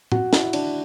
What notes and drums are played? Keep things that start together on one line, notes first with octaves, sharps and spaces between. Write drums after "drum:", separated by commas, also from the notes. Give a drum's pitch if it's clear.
F#4, drum: tom A2
E4, drum: snare
D4, drum: cymbal